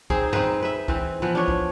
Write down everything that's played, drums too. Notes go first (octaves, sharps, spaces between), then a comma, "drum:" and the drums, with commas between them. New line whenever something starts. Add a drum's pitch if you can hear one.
C4 D#4 G#4 C5, drum: kick C2
C4 D#4 B4, drum: tom F#2
B4 E5
E3 C4, drum: kick C2
E3 F3 B3
D4 C#5
drum: kick C2